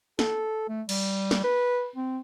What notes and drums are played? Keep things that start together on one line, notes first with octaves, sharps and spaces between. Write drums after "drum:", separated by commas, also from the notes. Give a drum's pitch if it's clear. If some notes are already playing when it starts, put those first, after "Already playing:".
A4, drum: snare
A3
G3, drum: cymbal
drum: snare
B4
C4